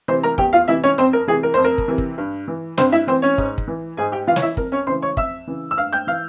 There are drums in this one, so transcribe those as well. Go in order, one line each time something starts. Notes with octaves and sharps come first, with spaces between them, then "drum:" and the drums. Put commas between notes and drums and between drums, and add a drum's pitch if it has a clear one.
C3 E3 C5 C6
A#4 A#5
E2 G4 G5, drum: kick
F4 F5
C3 E3 E4 E5
C#4 C#5
F2 C4 C5
A#4
C3 E3 G#4
A#4
F2 C5
A#4
drum: kick
C3 E3
drum: kick
G2
E3
G2 C4 C5, drum: snare
E4 E5
E3 C4 C5
C#4 C#5
G#2, drum: kick
drum: kick
E3
G#2 G#4 G#5
G4 G5
E3 F4 F5
C#5, drum: snare
E4 E5
F2 A#4, drum: kick
C#4 C#5
C#3 E3 C5 C6
C#5 C#6
F2 E5 E6, drum: kick
C#3 E3
E6
G2 F5 F6
G5 G6
E3 F5 F6